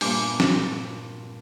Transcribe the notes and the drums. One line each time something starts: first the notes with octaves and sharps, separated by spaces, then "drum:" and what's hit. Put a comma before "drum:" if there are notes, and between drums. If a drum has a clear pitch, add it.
G2 A#2 B3 D4 G#5 D6, drum: open hi-hat
drum: snare